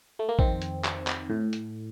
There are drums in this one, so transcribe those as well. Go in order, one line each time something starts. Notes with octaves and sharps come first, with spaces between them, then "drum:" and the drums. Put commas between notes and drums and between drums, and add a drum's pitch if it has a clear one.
A3
A#3
F2 D#3 C4, drum: kick A1
drum: hi-hat
drum: clap
drum: clap
A2
drum: hi-hat